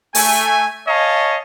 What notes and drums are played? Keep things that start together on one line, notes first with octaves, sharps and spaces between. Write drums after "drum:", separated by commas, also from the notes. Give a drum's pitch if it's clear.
A3 G#5, drum: open hi-hat
C#5 D#5 F5 G#5 A5